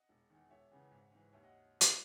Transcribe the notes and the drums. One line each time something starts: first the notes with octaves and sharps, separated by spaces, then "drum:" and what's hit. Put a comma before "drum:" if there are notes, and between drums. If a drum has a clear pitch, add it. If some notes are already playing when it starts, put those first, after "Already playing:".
Already playing: D#5 F#5
E1
E2 D#3
E1 C#5 E5
E2 C#3 E3
G#1
G#2 E3
D#2 C#5 E5
D#5 F#5
drum: hi-hat